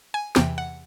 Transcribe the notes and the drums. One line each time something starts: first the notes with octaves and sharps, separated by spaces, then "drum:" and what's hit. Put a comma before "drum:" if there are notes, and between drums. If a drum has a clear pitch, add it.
G#5
E2 C3 E3 G5, drum: snare
F#5